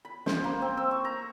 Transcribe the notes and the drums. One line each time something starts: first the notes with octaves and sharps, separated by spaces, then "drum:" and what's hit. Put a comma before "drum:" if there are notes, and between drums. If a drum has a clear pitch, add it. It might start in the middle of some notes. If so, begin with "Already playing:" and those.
B5
C5, drum: snare
A#3
C4
E6
C#6
A#5